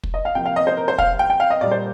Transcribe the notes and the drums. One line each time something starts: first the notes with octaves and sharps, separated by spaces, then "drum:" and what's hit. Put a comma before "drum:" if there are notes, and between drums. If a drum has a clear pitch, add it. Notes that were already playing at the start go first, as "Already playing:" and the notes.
drum: kick
D#5
F5
C3 F3 A#3 G5
F5
D#5
C5
A#4
C5
F5, drum: kick
G5
G5
F5
D#5
A#2 G3 A#3 D5
C5